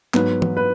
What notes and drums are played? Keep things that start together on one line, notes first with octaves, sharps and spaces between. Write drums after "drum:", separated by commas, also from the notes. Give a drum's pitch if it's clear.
G#2 F#3 B3 B4, drum: clap
drum: tom
B4